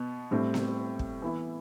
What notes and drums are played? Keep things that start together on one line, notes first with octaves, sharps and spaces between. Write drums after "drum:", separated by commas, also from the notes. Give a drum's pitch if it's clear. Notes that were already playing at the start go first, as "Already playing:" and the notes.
Already playing: B2 B3
A2 G3 C4
drum: snare B3
drum: kick
E3 B3 E4